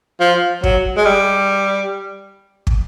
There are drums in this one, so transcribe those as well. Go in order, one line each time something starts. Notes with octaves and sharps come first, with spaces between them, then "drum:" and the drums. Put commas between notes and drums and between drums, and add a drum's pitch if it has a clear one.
F3
F#3, drum: kick
G#3
G3
drum: kick